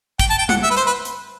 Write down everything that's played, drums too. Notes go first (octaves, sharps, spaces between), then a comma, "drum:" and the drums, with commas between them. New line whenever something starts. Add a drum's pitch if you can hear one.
G5, drum: kick, hi-hat
A5
G5
F#5, drum: tom G3
E5
B4
C5, drum: hi-hat
B4
drum: hi-hat